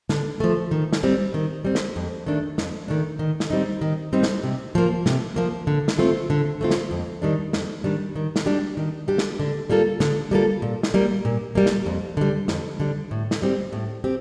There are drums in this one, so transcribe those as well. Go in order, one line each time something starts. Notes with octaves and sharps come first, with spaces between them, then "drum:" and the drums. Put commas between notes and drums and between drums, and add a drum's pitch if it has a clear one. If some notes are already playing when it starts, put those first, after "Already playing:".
D3, drum: snare
F3 A3
D#3
drum: snare
G3 C4
D#3
G3 C4
drum: snare
F2
D#3 A3 D4
F2, drum: snare
D#3 A3 D4
D#3
drum: snare
G3 C4 D#4
D#3
G3 C4 D#4
drum: snare
C3
F3 A#3
C3, drum: snare
F3 A#3
D3
drum: snare
A3 C4 F4
D3
A3 C4 F4
drum: snare
F2
D#3 G3 D4
F2, drum: snare
D#3 G3 D4
D#3
drum: snare
G3 D4 G4
D#3
G3 D4 G4
drum: snare
D3
G3 A#3 F4 A4
D3, drum: snare
G3 A#3 F4 A4
A#2
drum: snare
G3 A#3
A#2
G3 A#3
drum: snare
F2
D3 G3
F2, drum: snare
D3 G3
A2
drum: snare
G3 C4 G4
A2
C4 G4